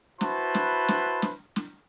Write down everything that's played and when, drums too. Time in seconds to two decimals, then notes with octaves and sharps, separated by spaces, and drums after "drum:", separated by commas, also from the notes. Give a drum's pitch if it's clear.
0.21 E4 F#4 B4 C5 A5 C6, drum: snare
0.55 drum: snare
0.88 drum: snare
1.22 drum: snare
1.56 drum: snare